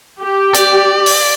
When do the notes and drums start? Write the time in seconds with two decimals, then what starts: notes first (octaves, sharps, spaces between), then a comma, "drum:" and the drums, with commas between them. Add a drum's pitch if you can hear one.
0.22 G4
0.55 D5, drum: hi-hat
1.06 drum: open hi-hat